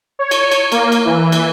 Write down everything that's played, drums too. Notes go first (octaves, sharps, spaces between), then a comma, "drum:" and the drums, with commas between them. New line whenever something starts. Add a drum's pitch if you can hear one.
C#5
drum: cymbal
drum: cymbal
A#3, drum: cymbal
drum: cymbal
E3
drum: cymbal